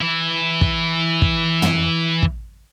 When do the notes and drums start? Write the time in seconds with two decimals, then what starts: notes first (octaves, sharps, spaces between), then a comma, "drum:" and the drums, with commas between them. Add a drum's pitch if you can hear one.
0.01 E3 E4
0.61 drum: kick
1.22 drum: kick
1.62 drum: tom
2.23 drum: kick